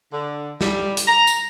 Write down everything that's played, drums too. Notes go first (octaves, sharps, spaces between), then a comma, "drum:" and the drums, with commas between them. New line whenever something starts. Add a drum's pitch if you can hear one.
D3
G3, drum: snare
drum: hi-hat
A#5
drum: tambourine